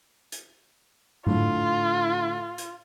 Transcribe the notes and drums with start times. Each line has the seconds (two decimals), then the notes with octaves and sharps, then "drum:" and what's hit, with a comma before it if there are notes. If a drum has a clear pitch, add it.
0.32 drum: hi-hat
1.27 A2 D3 F4, drum: tom G#2
2.58 drum: hi-hat